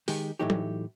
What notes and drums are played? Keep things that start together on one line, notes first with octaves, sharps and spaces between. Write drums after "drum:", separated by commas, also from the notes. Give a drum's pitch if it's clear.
D#3 G#3 G4, drum: open hi-hat
A2 E3 F#3 A3 D#4 G4
drum: tom F#3